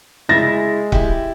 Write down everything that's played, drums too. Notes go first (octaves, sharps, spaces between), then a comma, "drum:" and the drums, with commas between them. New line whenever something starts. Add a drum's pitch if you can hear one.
C#3 G#3 E4 E5 A6 A#6
E4 G4, drum: kick